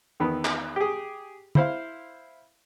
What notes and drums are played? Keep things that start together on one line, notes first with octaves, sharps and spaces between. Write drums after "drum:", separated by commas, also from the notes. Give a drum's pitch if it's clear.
E2 D#3 B3
drum: clap
G4 G#4
E4 C5 F5, drum: tom